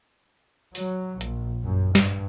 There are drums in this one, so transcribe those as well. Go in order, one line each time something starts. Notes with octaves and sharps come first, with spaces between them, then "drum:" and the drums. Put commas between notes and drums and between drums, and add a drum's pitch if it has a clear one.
F#3, drum: open hi-hat
A#1, drum: hi-hat
F#2
G2, drum: snare